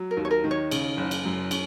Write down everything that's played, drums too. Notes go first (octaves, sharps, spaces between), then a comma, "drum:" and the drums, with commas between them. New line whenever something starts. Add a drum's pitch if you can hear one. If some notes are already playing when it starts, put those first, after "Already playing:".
Already playing: F#3
A#4
D#2
C#5
A#4
D#3
C#5
C#3, drum: cymbal
F#1
drum: cymbal
F#2
C#4, drum: cymbal